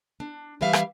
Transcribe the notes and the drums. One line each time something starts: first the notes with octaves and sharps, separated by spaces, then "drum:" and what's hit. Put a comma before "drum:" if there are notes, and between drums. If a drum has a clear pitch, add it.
D4
E3 G3 B4 E5 F5
drum: rim click